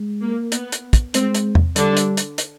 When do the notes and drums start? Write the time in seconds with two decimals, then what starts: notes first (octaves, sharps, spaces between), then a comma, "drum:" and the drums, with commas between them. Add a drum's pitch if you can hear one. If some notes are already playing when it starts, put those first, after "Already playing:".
Already playing: G#3
0.21 A#3
0.52 B3, drum: hi-hat
0.72 drum: hi-hat
0.93 drum: kick, hi-hat
1.14 G#3 C4, drum: hi-hat
1.35 drum: hi-hat
1.55 drum: tom E2
1.76 D3 G3 D4, drum: hi-hat
1.97 drum: hi-hat
2.17 drum: hi-hat
2.38 drum: hi-hat